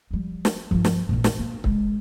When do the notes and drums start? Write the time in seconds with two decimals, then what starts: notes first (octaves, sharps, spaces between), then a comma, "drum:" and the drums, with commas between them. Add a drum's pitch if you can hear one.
0.11 F3 G3
0.45 drum: snare
0.71 G2 F3
0.85 drum: snare
1.09 A1 A#2
1.24 drum: snare
1.39 A#3
1.64 G#3, drum: kick